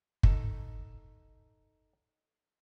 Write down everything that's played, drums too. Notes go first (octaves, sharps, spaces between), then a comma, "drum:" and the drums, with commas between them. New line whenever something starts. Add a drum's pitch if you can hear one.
D#4 A4, drum: kick